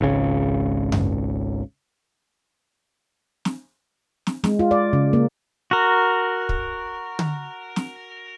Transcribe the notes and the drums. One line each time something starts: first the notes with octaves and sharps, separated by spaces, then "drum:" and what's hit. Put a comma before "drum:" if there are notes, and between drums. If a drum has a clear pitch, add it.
G#1 C#2 C#3
drum: tom F#2
drum: snare
drum: snare
G#3, drum: snare
F4
D5
C#3
A#3
F#4 A#4
drum: kick
drum: tom D3
drum: snare